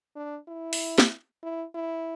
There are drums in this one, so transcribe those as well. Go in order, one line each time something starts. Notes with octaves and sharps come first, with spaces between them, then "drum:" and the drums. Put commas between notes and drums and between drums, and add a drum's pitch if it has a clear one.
D4
E4
drum: open hi-hat
drum: snare
E4
E4